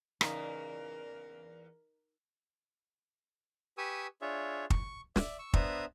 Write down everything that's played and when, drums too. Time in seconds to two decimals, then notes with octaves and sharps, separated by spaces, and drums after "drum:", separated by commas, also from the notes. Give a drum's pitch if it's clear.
0.21 E2 C#3 A#3 D#4 A#4 F5 B6, drum: rim click
3.78 G4 B4 G#5 C#6 D#6 E6
4.22 D4 F4 G#4 C#5 E5
4.70 C#6, drum: kick
5.16 D5 E5, drum: snare
5.39 C#6 E6
5.54 B3 D4 C5 E5 A#5 D#6, drum: kick